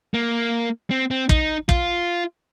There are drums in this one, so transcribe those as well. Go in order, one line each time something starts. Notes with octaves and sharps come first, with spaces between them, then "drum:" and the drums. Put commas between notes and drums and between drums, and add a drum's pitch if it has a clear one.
A#3
C4
C4
D#4, drum: kick
F4, drum: kick